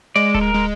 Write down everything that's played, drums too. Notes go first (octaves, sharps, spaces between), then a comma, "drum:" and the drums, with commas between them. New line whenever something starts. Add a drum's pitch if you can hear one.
G#3 D5
A4, drum: kick D1
A#4
G#3